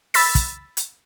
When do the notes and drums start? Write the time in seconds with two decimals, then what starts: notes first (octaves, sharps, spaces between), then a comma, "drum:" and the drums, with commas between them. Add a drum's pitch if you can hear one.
0.14 B5 E6 A6 B6, drum: open hi-hat
0.35 drum: kick, hi-hat
0.77 drum: hi-hat